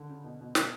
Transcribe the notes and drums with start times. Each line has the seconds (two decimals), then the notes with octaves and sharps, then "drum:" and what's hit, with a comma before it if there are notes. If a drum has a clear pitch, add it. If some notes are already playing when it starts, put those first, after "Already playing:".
Already playing: D3
0.09 C#3
0.24 B2
0.40 B2
0.55 B2, drum: snare